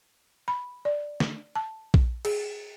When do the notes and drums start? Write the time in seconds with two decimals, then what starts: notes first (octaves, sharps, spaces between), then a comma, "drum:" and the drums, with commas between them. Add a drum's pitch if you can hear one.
0.48 B5
0.85 D5
1.20 drum: snare
1.55 A5
1.94 drum: kick A#1
2.25 G#4, drum: cymbal